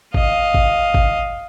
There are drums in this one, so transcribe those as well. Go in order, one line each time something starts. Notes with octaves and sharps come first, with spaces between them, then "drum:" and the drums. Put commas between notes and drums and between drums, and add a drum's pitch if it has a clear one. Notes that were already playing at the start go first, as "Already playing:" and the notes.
D#5 F5, drum: kick
drum: kick
drum: kick